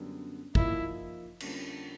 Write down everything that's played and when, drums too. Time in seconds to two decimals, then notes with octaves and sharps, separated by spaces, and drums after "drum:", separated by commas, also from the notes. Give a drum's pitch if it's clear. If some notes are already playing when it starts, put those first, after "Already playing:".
Already playing: F#2 D3 G3 B3
0.55 F3 A#3 D#4 E4, drum: kick
1.40 F2 D3 G3 A#3 C#4, drum: cymbal